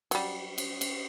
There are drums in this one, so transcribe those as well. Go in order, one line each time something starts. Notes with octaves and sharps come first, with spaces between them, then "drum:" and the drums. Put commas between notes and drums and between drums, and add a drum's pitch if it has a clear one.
F#3 G3, drum: cymbal
drum: cymbal
drum: cymbal